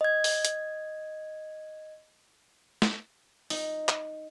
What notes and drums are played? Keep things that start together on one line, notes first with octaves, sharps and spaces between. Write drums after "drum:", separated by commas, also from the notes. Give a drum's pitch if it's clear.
D#5 G#6
drum: open hi-hat
drum: hi-hat
drum: snare
D#4, drum: open hi-hat
drum: clap